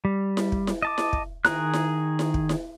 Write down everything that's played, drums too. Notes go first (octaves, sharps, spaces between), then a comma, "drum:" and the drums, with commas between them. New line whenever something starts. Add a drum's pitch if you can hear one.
G3
drum: snare E4
drum: kick
drum: snare E4
D#5 A5 D6
drum: snare E4
drum: kick
D#3 G#4 A#5 F#6, drum: snare E4
drum: snare E4
drum: snare E4
drum: kick
drum: snare E4